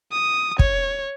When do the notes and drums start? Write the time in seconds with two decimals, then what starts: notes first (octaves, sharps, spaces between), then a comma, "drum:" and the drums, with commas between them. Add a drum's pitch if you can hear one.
0.12 D#6
0.59 C#5, drum: kick